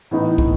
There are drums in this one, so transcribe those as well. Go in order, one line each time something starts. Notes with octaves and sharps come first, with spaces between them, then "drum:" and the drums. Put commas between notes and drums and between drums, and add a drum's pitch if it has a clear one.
A2 E3 B3 D#4
drum: kick